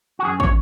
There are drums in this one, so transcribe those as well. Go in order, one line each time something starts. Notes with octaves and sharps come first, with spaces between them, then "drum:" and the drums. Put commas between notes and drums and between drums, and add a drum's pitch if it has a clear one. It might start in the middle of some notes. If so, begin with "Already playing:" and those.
F#4
F#2 G#4
C#5, drum: kick